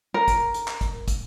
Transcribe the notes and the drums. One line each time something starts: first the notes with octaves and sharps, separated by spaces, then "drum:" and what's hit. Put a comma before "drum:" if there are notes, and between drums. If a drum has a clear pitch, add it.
A#4
drum: kick, hi-hat
drum: hi-hat
drum: clap
drum: kick, hi-hat
drum: kick, hi-hat